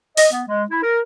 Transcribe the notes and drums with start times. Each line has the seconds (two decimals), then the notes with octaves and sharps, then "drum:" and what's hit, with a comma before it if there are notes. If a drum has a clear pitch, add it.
0.17 D#5, drum: open hi-hat
0.32 B3
0.47 G#3
0.70 E4
0.83 A#4